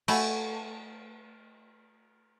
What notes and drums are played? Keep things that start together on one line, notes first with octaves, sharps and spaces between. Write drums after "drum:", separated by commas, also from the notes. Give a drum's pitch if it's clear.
A3 F#4 G#5 B5, drum: cymbal